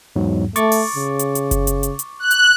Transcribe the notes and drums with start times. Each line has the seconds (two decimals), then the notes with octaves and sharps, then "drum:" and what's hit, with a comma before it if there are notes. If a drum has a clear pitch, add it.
0.16 E2 G#2 F#3
0.56 A3 C#6 D6 A6, drum: hi-hat
0.72 drum: open hi-hat
0.96 C#3
1.19 drum: hi-hat
1.35 drum: hi-hat
1.51 drum: kick F#1, hi-hat
1.67 drum: hi-hat
1.83 drum: hi-hat
1.99 drum: hi-hat
2.20 F#6
2.31 drum: hi-hat